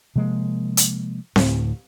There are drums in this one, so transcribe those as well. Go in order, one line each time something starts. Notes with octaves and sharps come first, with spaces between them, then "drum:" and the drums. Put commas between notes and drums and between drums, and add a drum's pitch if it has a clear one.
C3 F3 G#3 A#3
drum: hi-hat
D2 A2, drum: snare C4